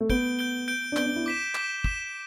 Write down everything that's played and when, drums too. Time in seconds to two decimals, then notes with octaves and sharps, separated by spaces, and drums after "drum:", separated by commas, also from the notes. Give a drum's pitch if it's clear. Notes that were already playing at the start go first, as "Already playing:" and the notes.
0.01 A3
0.10 B3 G6 D7 G7, drum: kick
0.39 G6 D7 G7
0.68 G6 D7 G7
0.92 D4
0.96 B3 G6 D7 G7, drum: clap
1.06 D4
1.16 E4
1.26 D6 B6 E7
1.55 D6 B6 E7, drum: clap
1.84 D6 B6 E7, drum: kick